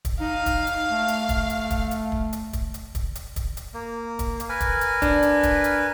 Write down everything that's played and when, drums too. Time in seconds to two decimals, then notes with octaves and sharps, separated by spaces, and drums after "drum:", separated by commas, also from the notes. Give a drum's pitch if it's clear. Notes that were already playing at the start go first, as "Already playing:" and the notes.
0.05 drum: kick, hi-hat
0.21 D#4 F5
0.46 drum: kick, hi-hat
0.67 drum: hi-hat
0.91 A3
1.08 drum: hi-hat
1.29 drum: kick, hi-hat
1.50 drum: hi-hat
1.70 drum: kick, hi-hat
1.91 drum: hi-hat
2.12 drum: kick
2.33 drum: hi-hat
2.53 drum: kick, hi-hat
2.74 drum: hi-hat
2.95 drum: kick, hi-hat
3.15 drum: hi-hat
3.36 drum: kick, hi-hat
3.57 drum: hi-hat
3.74 A#3
4.19 drum: kick, hi-hat
4.40 drum: hi-hat
4.49 A#4 B4 G#5
4.60 drum: kick, hi-hat
4.81 drum: hi-hat
5.02 D4, drum: kick, hi-hat
5.23 drum: hi-hat
5.43 drum: kick, hi-hat
5.64 drum: hi-hat